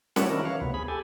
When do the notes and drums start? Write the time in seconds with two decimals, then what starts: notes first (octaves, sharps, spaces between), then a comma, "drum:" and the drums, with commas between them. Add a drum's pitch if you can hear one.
0.16 F#4 C#5 D5 E5 F#5, drum: snare C#4
0.30 D#3 D4 E4 F#4 A#4
0.45 E3 C#5 F5
0.61 D2 C3 B3
0.74 G#4 B5
0.88 G4 A4 G#5